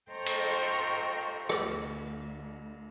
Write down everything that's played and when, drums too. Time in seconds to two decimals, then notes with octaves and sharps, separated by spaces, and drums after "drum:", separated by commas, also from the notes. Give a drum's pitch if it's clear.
0.10 A4 C5 D#5 G5 A#5 C#6
0.26 drum: cymbal
1.49 D2, drum: rim click